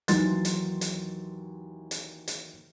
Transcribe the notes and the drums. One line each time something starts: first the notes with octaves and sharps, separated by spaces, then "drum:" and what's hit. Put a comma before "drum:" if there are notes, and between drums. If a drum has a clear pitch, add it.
D#2 E3 F#3 C6 A6, drum: hi-hat
drum: hi-hat
drum: hi-hat
drum: hi-hat
drum: hi-hat